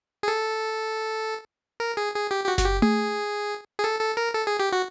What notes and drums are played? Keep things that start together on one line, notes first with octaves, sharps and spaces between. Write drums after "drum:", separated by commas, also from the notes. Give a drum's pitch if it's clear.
G#4
A4
A#4
G#4
G#4
G4
G4
F#4
F#4, drum: snare F#1
G4
G#4, drum: tom A3
G#4
A4
A4
A#4
A4
G#4
G4
F#4